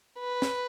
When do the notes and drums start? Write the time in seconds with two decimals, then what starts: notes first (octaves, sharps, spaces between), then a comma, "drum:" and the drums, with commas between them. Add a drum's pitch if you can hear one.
0.20 B4
0.42 drum: snare